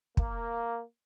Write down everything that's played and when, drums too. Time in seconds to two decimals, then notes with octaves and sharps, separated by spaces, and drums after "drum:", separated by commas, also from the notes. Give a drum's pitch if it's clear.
0.17 A#3, drum: kick